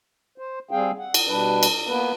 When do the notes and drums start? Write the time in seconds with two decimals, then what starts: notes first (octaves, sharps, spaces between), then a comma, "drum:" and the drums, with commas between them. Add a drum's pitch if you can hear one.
0.38 C5
0.71 G3 C4 G#4 F5 G5
0.98 F#5
1.14 drum: cymbal
1.27 B2 G3 D4 B4
1.63 drum: cymbal
1.87 A#3 B3 B4